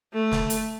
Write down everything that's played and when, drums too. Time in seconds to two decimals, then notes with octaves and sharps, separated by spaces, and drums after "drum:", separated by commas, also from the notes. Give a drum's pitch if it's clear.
0.13 A3
0.32 drum: snare
0.50 drum: hi-hat